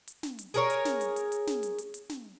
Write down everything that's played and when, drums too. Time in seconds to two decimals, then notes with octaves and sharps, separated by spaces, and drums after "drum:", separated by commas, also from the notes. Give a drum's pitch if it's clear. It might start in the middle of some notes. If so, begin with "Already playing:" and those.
0.08 drum: hi-hat
0.23 drum: snare
0.39 drum: hi-hat
0.54 G#4 A#4 C#5, drum: hi-hat
0.70 drum: hi-hat
0.85 drum: snare
1.01 drum: hi-hat
1.16 drum: hi-hat
1.32 drum: hi-hat
1.47 drum: snare
1.63 drum: hi-hat
1.78 drum: hi-hat
1.94 drum: hi-hat
2.09 drum: snare